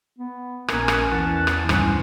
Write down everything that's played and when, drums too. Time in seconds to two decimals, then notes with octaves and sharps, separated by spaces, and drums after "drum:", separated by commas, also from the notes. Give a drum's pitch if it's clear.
0.19 B3
0.68 A#1 A#3 C#4 A#4 G#5, drum: rim click
0.88 drum: rim click
1.12 E2 E3 F#5 A5
1.47 drum: rim click
1.69 C#2 G2 E3 C#4 C5, drum: rim click